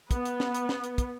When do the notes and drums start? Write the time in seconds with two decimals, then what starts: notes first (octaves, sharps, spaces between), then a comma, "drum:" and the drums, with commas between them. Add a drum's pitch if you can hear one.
0.11 B3, drum: kick, hi-hat
0.25 drum: hi-hat
0.40 drum: snare
0.55 drum: hi-hat
0.69 drum: snare
0.84 drum: hi-hat
0.98 drum: kick, hi-hat